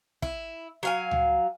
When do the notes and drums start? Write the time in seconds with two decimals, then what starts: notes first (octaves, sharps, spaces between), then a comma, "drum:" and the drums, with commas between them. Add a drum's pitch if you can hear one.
0.22 E4, drum: kick
0.83 F#3 F5 G#5
1.11 drum: tom C#2